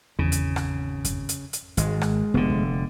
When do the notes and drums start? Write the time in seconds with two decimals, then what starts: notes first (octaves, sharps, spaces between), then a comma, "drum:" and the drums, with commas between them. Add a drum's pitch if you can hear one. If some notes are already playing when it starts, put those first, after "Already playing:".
0.19 G#1 E2 C#3
0.32 drum: hi-hat
0.56 drum: rim click
1.05 drum: kick F2, hi-hat
1.29 drum: hi-hat
1.53 drum: hi-hat
1.77 G#1 G#3, drum: hi-hat
2.01 drum: rim click
2.34 F1 D3 B3
2.50 drum: kick F2